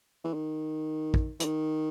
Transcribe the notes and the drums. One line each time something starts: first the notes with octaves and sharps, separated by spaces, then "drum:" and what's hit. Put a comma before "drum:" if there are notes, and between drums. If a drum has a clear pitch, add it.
E3
D#3
drum: kick
E3, drum: hi-hat
D#3